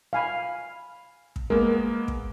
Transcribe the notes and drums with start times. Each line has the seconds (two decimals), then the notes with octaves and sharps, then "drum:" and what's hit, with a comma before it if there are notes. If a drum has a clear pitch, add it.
0.13 F5 G#5 B5
1.36 drum: kick
1.50 G#3 A#3 B3 A#4
2.08 drum: kick